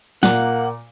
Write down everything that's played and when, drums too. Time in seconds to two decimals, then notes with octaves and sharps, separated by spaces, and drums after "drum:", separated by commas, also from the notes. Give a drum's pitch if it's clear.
0.23 A#2 A#3 F#5, drum: snare